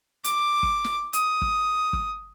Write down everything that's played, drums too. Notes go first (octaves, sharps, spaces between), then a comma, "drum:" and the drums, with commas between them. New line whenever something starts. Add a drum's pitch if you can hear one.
D6, drum: hi-hat
drum: kick
drum: snare
D#6, drum: hi-hat
drum: kick
drum: kick